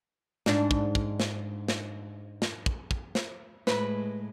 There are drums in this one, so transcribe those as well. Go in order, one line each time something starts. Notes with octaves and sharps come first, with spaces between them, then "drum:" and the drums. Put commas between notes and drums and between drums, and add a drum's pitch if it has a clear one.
G#2 D4, drum: snare
drum: kick
drum: kick
drum: snare
drum: snare
drum: snare
drum: kick
drum: kick
drum: snare
A2 G#3 B4, drum: snare